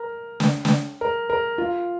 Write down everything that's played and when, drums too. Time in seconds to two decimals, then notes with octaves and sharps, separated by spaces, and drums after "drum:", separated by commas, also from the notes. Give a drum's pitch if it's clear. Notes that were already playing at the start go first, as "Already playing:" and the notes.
Already playing: A#4
0.40 drum: snare
0.65 drum: snare
1.01 A#4
1.30 A#4
1.58 F4